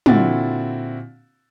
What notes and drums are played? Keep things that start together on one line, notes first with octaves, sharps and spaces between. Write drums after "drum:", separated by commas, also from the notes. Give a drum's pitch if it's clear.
A#2 D3 C4 E4 F#4 A6, drum: tom